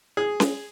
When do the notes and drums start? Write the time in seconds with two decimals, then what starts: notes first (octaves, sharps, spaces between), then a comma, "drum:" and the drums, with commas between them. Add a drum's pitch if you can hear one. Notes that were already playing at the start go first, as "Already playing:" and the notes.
0.17 G#4
0.40 drum: snare C#4